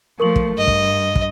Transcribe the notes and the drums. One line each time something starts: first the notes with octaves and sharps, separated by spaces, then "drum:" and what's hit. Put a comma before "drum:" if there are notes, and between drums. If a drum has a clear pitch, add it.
F3 A3 A#4 C#6 F#7
drum: kick
G2 D#5
drum: kick
drum: kick